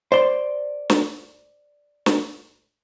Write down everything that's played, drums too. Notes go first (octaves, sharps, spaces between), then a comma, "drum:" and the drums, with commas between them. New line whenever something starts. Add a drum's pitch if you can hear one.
C5 D5 C6
drum: snare
drum: snare